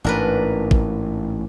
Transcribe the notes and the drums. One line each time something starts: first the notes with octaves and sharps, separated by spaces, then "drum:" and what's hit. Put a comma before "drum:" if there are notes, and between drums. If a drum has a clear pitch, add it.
A1 G#2 D4 A#4 B4
drum: kick